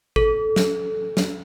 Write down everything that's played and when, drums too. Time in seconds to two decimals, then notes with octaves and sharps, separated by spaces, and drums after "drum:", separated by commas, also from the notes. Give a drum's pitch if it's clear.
0.16 A4, drum: kick G#1
0.56 drum: snare
1.17 drum: snare